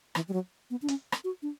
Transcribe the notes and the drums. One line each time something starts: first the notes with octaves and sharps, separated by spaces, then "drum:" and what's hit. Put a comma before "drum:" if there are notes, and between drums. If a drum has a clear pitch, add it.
E3, drum: rim click
G3
F#3
B3
D4
C#4, drum: hi-hat
drum: rim click
F#4
D4